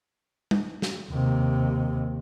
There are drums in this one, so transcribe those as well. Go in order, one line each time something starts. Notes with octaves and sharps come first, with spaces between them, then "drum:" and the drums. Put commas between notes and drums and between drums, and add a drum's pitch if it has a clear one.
drum: tom G3
drum: snare
D#2 C3